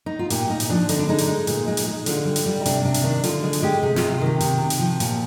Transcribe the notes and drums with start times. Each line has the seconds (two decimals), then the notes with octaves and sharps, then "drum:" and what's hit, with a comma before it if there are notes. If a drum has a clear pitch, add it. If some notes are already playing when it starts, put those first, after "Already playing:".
0.06 D#4
0.19 F4
0.30 A#2 G4, drum: hi-hat
0.50 A#2 D#4
0.60 drum: hi-hat
0.70 F3 D4
0.89 D3 D#4, drum: hi-hat
0.99 D4
1.08 G#3 D#4
1.18 drum: hi-hat
1.28 G#3
1.47 A#2, drum: hi-hat
1.68 G#3
1.77 drum: hi-hat
1.87 G#3
2.06 D3 F4, drum: hi-hat
2.25 G3
2.36 drum: hi-hat
2.46 G3
2.61 D#4
2.66 C3 D4, drum: hi-hat
2.85 C3 D4
2.94 drum: hi-hat
3.03 D#3 D4
3.24 D3 F4, drum: hi-hat
3.43 G#3 G#4
3.53 drum: hi-hat
3.62 G#3 G4
3.83 C3 G#4
3.96 F4, drum: snare
4.02 C3
4.12 F4
4.21 D#3 G4
4.40 C3, drum: hi-hat
4.60 C3
4.70 drum: hi-hat
4.79 F3
5.00 A#2, drum: hi-hat